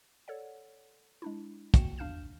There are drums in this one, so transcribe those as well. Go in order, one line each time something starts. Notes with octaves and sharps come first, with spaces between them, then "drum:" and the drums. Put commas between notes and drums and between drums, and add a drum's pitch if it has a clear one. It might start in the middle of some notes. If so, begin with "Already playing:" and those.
A4 C#5 D5 F#5
G#3 D4 E4
F2 A#3 F#4 G5 C#7 E7, drum: kick, hi-hat
E2 D4 F5 F6 G6 E7